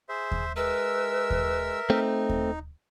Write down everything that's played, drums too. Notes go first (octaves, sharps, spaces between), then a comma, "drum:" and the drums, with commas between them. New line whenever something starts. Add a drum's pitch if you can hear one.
G#4 C5 E5
drum: kick D#2
G#3 A#4 B4 E5 E6
drum: kick D#2
A3 C4 D#4
drum: kick D#2